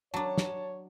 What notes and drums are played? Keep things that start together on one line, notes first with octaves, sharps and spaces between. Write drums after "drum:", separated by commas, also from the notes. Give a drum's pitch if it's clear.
F#3 D4 C#5 A5
drum: snare